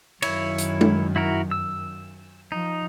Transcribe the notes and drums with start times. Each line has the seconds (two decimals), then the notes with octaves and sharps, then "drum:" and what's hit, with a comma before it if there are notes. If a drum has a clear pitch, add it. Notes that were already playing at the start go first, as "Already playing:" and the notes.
0.22 F#2 D#3 E4 C#5, drum: cymbal
0.58 drum: hi-hat
0.81 drum: tom G#3
1.16 E4 F#4 A#4
1.51 E6
2.52 F3 D#4